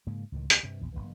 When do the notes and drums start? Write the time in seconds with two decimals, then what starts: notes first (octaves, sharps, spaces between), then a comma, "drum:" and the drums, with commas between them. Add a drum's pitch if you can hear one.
0.07 G#2 C#3 A#3
0.32 C#2 A2 D#3
0.50 D2 C#3, drum: hi-hat
0.63 G2 C3
0.81 A#1 E2
0.92 F#1 C2 G2 E3